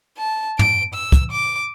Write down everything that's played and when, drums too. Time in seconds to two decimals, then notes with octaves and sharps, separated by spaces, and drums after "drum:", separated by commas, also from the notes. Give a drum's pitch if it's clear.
0.18 A5
0.59 D7, drum: tom
0.94 E6
1.12 drum: kick, hi-hat
1.32 D6